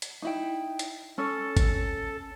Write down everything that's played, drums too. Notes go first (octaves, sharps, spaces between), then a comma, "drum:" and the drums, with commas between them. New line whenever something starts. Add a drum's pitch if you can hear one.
drum: hi-hat
D#4 E4 G5
drum: hi-hat
C#4 A4
drum: kick, hi-hat